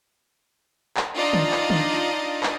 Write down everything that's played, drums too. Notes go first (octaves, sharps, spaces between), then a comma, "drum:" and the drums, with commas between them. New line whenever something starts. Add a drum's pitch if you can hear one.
drum: clap
D4 D#4 F4 D5 D#5
drum: tom D3
drum: clap
drum: tom D3
drum: clap